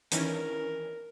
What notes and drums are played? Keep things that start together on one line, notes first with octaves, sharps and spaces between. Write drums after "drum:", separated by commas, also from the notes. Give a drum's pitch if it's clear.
D#3 E3 C#4 A#4, drum: hi-hat